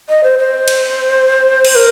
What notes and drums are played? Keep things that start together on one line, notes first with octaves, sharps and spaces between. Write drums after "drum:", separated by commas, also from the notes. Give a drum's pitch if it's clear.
D#5
C5
C5
drum: cymbal
drum: cymbal
A#4